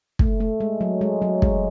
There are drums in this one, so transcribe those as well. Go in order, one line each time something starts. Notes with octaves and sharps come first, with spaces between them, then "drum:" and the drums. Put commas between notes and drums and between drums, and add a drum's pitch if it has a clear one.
A3, drum: kick
A3
G#3
F#3
G#3
F#3
G#3, drum: kick